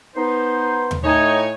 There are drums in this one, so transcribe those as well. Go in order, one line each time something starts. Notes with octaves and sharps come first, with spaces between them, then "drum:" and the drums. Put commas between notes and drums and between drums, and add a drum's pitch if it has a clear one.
B3 D#4 C5
drum: tom D#2
A2 D#4 C#5 G#5